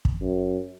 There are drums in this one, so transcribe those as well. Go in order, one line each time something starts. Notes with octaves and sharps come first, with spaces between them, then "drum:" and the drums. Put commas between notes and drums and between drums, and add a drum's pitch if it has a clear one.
drum: kick
F#2